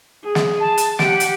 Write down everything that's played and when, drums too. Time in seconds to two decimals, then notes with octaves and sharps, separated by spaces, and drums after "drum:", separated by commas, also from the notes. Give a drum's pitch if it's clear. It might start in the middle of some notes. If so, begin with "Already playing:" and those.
0.24 G#4
0.35 drum: snare
0.60 A5
0.78 drum: hi-hat
0.99 G4 F#5 D7, drum: snare
1.20 drum: hi-hat